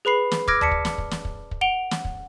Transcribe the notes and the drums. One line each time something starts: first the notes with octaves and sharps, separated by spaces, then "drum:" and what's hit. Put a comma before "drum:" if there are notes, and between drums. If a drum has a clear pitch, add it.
G#4 B4 B5 C7
drum: snare
D6 E6 F6 G#6 A#6 D7, drum: kick
D5 A5 B6 C#7, drum: tom D#2
drum: kick
drum: snare
drum: kick
drum: snare
drum: kick
drum: kick
F#5 D7 F7 G7
drum: snare
drum: kick